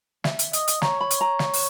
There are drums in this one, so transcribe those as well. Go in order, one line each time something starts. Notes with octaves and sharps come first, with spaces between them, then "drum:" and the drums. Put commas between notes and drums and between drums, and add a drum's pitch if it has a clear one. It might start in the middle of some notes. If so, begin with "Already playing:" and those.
E5, drum: snare
drum: hi-hat
D#5, drum: hi-hat
drum: hi-hat
C#5 A#5, drum: snare
B5
drum: hi-hat
A#5
drum: snare
drum: open hi-hat